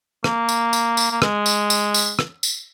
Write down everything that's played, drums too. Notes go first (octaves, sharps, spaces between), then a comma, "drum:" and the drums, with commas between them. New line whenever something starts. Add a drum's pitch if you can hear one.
A#3, drum: rim click
drum: tambourine
drum: tambourine
drum: tambourine
A#3
G#3, drum: rim click
drum: tambourine
drum: tambourine
drum: tambourine
drum: rim click
drum: tambourine